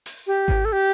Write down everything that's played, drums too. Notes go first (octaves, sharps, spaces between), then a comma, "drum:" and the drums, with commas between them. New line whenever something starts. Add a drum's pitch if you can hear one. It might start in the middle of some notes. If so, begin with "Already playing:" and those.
drum: open hi-hat
G4
drum: kick G#1
A4
G4